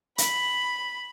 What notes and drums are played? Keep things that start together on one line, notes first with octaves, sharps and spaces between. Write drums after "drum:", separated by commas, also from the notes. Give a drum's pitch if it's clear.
B5, drum: hi-hat